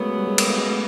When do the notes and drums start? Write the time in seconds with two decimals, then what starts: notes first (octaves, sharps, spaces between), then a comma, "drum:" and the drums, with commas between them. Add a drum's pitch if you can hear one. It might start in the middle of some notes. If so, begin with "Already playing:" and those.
Already playing: F#2 C#3 F#3 G#3 A3 B3
0.18 G3
0.28 G#3
0.38 A#3, drum: cymbal
0.48 A3
0.58 G#3
0.68 A3